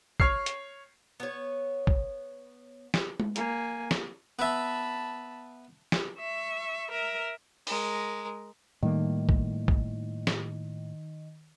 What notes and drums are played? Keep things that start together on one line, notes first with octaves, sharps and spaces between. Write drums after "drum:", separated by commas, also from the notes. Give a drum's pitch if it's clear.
C#5 F6 C7, drum: kick
drum: hi-hat
B3 C#5
drum: kick
drum: snare
drum: tom G#3
A#3 G#5, drum: hi-hat
drum: snare
B3 E5 A5 B5
drum: snare
E5 C#6
A#4 E5
G#3 A#4, drum: open hi-hat
A2 D#3 G3 A#3
drum: kick
drum: kick
drum: snare